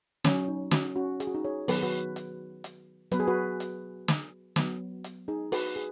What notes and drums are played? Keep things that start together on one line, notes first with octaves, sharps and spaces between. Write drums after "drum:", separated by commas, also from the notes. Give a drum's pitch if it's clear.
C#4, drum: snare
F#3
D#4
C#4 F#4, drum: snare
C#4 F#4
G#4, drum: hi-hat
F#4
D#4 G#4
G#4 C#5
D#3 F#3 B3 B4, drum: open hi-hat
G#4
F#4 B4
drum: hi-hat
drum: hi-hat
F#3 B3 B4, drum: hi-hat
G#4
F#4 B4
drum: hi-hat
drum: snare
F#3 B3, drum: snare
drum: hi-hat
D#4 G#4
F#4 B4, drum: open hi-hat
G#4